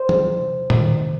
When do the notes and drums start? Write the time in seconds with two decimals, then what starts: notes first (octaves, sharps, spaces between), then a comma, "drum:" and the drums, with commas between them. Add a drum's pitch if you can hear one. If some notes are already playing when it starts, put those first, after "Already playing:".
Already playing: C5
0.09 D#2, drum: tom F3
0.40 C3
0.70 D#3, drum: tom
1.01 C3